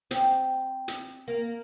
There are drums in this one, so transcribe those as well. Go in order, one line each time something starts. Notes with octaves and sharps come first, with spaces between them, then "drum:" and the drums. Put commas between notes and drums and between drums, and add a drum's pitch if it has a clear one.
C4, drum: hi-hat
drum: hi-hat
A#3